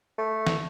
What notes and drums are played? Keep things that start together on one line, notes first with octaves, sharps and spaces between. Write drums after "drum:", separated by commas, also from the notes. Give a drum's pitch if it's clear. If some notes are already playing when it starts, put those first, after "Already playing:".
A3
drum: snare